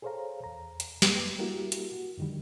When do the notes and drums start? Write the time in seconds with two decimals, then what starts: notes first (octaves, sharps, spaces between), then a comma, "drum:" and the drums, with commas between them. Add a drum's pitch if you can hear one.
0.02 G#4 A4 C5 C#5 F5 A#5
0.44 E2 A#5
0.80 drum: hi-hat
1.02 F#2 G3 A#3 B4 G5 D6, drum: snare
1.39 G3 A#3 E4 F#4 G4 A#4
1.72 drum: hi-hat
1.93 F#4
2.18 F#2 D3 D#3 F3 G3